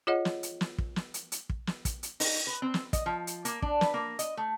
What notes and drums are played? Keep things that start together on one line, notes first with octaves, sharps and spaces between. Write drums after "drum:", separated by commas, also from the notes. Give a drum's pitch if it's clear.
F4 G#4 C#5 D#5 F#5
drum: snare
drum: hi-hat
drum: snare
drum: kick
drum: snare
drum: hi-hat
drum: hi-hat
drum: kick
drum: snare
drum: kick, hi-hat
drum: hi-hat
D#4, drum: open hi-hat
B4
C4
drum: snare
D#5, drum: kick, hi-hat
F3
drum: hi-hat
A#3, drum: hi-hat
D4, drum: kick
B4, drum: snare
A#3
D#5, drum: hi-hat
A3